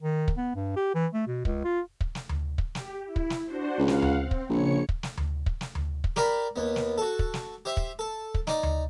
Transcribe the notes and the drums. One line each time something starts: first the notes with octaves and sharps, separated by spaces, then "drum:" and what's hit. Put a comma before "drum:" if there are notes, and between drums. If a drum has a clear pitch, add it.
D#3
drum: kick
B3
G2
G4
E3
A3
B2
C#2, drum: kick
F4
drum: kick
drum: snare
drum: tom D2
drum: kick
G4, drum: snare
E4
drum: kick
drum: snare
D4 F#4 C5
C#2 F5 F#5
drum: snare
drum: tom D2
C4
drum: kick
A#1 C#3 C#5 C#7
drum: kick
drum: snare
drum: tom D2
drum: kick
drum: snare
drum: tom D2
drum: kick
G4 A#4 D5 B5, drum: snare
D#2 B3
drum: snare
F#4 A4
drum: kick
drum: snare
G4 C5 E5
drum: kick
A4
drum: kick
D#4 D5, drum: snare
drum: tom D2